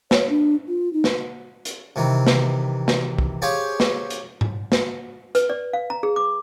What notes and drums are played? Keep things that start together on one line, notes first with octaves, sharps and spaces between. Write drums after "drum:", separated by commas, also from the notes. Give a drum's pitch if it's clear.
C#5, drum: snare
D4
F4
D#4
drum: snare
drum: hi-hat
C3 D#3 E3
drum: snare
drum: snare
drum: kick
G4 G#4 C5 C#5 F5
drum: snare
drum: hi-hat
drum: tom G#2
drum: snare
B4, drum: hi-hat
D5
F5
A#5
G#4
D6